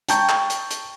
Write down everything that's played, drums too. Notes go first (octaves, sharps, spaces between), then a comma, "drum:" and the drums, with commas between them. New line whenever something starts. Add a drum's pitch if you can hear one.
G5 A5 A#5 C#6 G6, drum: hi-hat
drum: clap
drum: hi-hat
drum: hi-hat